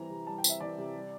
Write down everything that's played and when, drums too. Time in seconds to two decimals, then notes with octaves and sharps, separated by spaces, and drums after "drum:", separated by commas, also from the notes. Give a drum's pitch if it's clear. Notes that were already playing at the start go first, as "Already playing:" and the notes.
Already playing: E3 G3 C4 A#5
0.10 C3
0.27 G3 A5
0.38 G5
0.44 C4, drum: tambourine
0.49 E5
0.60 E3 D5
0.78 C3
0.95 G3